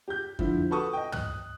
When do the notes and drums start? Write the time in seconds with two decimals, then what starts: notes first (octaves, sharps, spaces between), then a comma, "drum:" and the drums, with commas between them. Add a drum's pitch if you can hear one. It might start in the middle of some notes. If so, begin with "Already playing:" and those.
0.08 G4 G6
0.39 D3 F3 E4, drum: kick F2
0.70 F#4 A4 B4 A5 C#6 D#6
0.93 D#5 G5
1.12 F#6, drum: tom